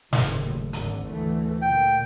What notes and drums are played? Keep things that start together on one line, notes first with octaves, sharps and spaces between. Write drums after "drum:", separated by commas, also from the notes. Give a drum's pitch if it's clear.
F#1 D#2 A2, drum: snare
G#1 D2 D3, drum: hi-hat
D2 E3 A3
A#2 D3 G5